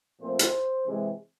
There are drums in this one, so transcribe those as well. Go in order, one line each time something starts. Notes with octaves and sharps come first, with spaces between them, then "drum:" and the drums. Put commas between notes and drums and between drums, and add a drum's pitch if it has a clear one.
A#2 F3 A3 C4 C5
drum: hi-hat
C3 E3 G#3 C4